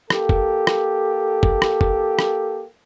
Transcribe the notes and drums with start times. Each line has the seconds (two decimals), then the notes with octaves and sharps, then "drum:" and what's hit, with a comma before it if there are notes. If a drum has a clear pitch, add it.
0.10 A#3 G4 A4, drum: rim click
0.29 drum: kick
0.67 drum: rim click
1.43 drum: kick
1.62 drum: rim click
1.81 drum: kick
2.19 drum: rim click